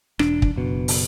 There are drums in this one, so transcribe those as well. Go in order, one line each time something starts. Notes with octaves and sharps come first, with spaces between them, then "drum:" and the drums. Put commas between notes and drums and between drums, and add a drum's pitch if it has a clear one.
E1 D4, drum: rim click
drum: kick
F#1 B2
drum: open hi-hat